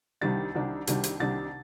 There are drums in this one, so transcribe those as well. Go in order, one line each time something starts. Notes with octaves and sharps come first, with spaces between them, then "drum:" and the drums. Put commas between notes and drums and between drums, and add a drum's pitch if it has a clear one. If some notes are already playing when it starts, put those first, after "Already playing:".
C2 C3 D#3 G3 D4 A6
C2 C3 D#3 G3 D4
C2 C3 D#3 G3 D4, drum: hi-hat
drum: hi-hat
C2 C3 D#3 G3 D4 A6